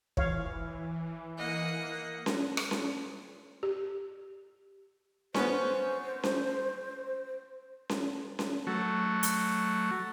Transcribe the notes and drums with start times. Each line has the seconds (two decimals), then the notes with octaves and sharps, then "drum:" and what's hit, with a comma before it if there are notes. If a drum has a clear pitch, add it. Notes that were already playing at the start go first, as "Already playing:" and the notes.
0.17 E3 C#5 F5, drum: kick
1.38 A#3 D#5 F#5
2.26 drum: snare C#4
2.57 drum: rim click
2.71 drum: snare C#4
3.63 G4
5.34 B3 C#4 C5, drum: snare C#4
6.23 drum: snare C#4
7.89 drum: snare C#4
8.39 drum: snare C#4
8.67 F#3 A3
9.23 drum: hi-hat